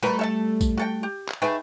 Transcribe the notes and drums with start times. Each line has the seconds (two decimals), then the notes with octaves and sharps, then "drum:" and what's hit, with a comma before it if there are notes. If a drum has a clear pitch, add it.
0.03 G3 A3 F#4 A#4 B4
0.19 A4 E5 A5
0.61 drum: kick, tambourine
0.78 F#4 A4 G5
1.03 G4
1.28 drum: clap
1.42 A3 D#4 G#4 B4 G5